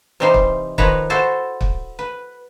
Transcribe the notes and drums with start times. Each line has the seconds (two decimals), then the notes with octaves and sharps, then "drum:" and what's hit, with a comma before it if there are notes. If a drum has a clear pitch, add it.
0.20 C3 E3 G3 D#4 C5 F5
0.34 drum: kick
0.78 D#3 F3 B4 C#5 A#5, drum: kick
1.10 E4 F#4 A4 C5 E5
1.61 drum: kick
1.99 B4